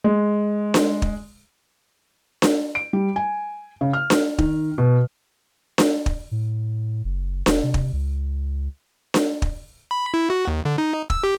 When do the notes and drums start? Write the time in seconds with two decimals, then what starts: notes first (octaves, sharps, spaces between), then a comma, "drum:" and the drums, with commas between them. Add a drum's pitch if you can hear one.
0.04 G#3
0.74 drum: snare D4
1.02 drum: kick
2.42 drum: snare D4
2.75 D7
2.93 G3
3.16 G#5
3.81 C#3
3.93 F6
4.10 drum: snare D4
4.38 D#3, drum: kick
4.78 B2
5.78 drum: snare D4
6.06 drum: kick
6.31 A2
7.04 F#1
7.46 E1, drum: snare D4
7.63 C3
7.74 drum: kick
7.93 C#2
9.14 drum: snare D4
9.42 drum: kick
9.91 B5
10.14 E4
10.30 F#4
10.47 D#2
10.65 D3
10.78 D#4
11.10 E6, drum: kick
11.23 G4